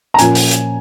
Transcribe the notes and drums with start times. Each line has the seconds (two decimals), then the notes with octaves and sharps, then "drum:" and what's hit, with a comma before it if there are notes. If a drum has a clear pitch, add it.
0.14 A#5
0.19 A#2 F3 A#3 C#4 G#5, drum: hi-hat
0.35 drum: open hi-hat
0.51 drum: hi-hat